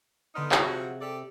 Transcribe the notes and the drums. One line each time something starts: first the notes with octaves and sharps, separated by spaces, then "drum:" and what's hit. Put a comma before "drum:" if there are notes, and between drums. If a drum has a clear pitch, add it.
D3 B3 D4 D#4 C6 F6
C3 F3 F#3 F#4 G#4, drum: clap
G4 A4 D5